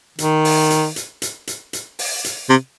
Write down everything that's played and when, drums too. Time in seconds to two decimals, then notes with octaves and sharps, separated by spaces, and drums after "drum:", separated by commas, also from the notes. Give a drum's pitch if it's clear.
0.19 D#3, drum: hi-hat
0.45 drum: open hi-hat
0.70 drum: hi-hat
0.96 drum: hi-hat
1.22 drum: hi-hat
1.47 drum: hi-hat
1.73 drum: hi-hat
1.99 drum: open hi-hat
2.24 drum: hi-hat
2.50 C3